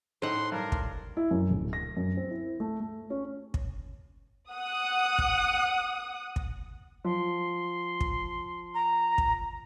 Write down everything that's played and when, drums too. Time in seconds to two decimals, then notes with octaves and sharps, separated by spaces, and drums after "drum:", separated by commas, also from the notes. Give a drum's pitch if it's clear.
0.22 A2 D#4 C5 F#5 C6
0.52 G2 A#4
0.72 drum: kick
1.17 E4
1.31 F#2
1.50 D1
1.73 A#6
1.97 F#2
2.17 C4
2.30 E4
2.60 A3
2.80 A3
3.10 C#4
3.54 drum: kick
4.51 F#5 D#6
5.19 drum: kick
6.36 drum: kick
7.04 F3 C6
8.01 drum: kick
8.74 A#5
9.18 drum: kick